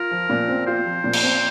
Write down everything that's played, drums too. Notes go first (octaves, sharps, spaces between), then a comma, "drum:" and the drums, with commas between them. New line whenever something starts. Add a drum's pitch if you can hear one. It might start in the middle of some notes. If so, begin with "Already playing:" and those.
Already playing: F4 A#4
F3
A#2
C4
F4 C5
F3
A#2
drum: cymbal
C4